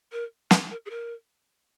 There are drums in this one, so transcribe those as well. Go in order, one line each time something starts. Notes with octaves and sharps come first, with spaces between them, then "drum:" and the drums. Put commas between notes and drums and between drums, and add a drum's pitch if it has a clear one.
A#4
B4, drum: snare
A#4
G#4
A#4